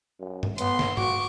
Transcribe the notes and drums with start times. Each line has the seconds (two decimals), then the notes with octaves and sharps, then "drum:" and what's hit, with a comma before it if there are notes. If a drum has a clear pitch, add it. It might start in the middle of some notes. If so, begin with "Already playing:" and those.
0.20 F#2
0.43 drum: tom G2
0.58 B3 C6, drum: hi-hat
0.79 drum: snare
0.97 F#4 C#6 D6, drum: tom G2